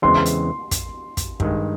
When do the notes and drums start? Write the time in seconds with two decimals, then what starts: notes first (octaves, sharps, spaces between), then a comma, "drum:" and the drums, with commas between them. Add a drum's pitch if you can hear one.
0.02 E2 C#3 E3 G#3 C4 C6
0.26 drum: hi-hat
0.71 drum: kick, hi-hat
1.17 drum: kick, hi-hat
1.40 G2 D#3 G#3, drum: kick